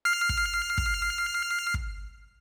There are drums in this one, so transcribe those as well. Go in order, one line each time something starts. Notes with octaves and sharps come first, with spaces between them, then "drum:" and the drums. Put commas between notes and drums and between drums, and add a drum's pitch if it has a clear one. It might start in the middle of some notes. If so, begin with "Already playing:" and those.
F6 C7
drum: kick
drum: kick
drum: kick